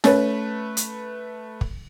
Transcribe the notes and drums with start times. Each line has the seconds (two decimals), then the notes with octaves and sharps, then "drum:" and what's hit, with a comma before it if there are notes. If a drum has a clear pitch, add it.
0.04 A3 C#4 B4 C#5, drum: snare
0.77 drum: hi-hat
1.61 drum: kick